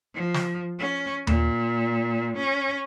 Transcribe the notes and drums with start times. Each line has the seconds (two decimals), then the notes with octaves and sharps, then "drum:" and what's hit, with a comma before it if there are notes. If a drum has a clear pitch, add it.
0.14 F3
0.34 drum: snare
0.79 C#4
1.27 A#2, drum: tom D#2
2.37 C#4